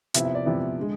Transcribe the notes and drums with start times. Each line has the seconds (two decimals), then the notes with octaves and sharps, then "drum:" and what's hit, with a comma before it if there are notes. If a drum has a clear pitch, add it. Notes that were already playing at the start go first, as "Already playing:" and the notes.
0.14 C3 F3 B3 E4 E5, drum: hi-hat
0.25 E5
0.35 D5
0.46 C3 F3 B3 E4
0.79 D3 G#3